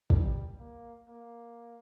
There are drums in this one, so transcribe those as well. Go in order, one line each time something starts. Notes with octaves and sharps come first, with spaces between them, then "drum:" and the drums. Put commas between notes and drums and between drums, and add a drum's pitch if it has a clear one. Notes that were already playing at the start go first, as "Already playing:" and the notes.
G3, drum: kick
A#3
A#3